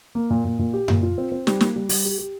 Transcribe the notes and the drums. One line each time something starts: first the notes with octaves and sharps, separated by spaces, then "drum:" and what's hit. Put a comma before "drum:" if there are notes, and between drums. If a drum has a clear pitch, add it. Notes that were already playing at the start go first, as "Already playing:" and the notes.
A#3
A#2
A#2
A#2
G4
A#2, drum: tom F#2
F4
C4
C4
G3, drum: snare
A#3, drum: snare
G3
G3, drum: open hi-hat
G4
G4